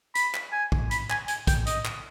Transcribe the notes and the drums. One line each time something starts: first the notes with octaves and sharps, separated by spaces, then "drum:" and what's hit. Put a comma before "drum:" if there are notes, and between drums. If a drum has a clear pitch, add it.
B5, drum: hi-hat
drum: clap
G#5
drum: kick
B5, drum: hi-hat
G#5, drum: clap
G#5, drum: hi-hat
G5, drum: kick, hi-hat
D#5, drum: hi-hat
drum: clap